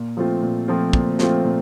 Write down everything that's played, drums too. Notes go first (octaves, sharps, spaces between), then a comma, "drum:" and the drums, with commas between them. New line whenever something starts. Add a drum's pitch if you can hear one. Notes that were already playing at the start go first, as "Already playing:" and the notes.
Already playing: A#2
F3 A3 C4 F4
A#2
F3 A3 C4 F4
A#2, drum: kick
F3 A3 C4 F4, drum: snare
A#2